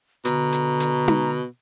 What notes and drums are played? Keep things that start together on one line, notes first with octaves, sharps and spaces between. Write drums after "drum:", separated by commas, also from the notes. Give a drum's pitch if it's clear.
B2 D3 A#5, drum: hi-hat
drum: hi-hat
drum: hi-hat
drum: tom D#4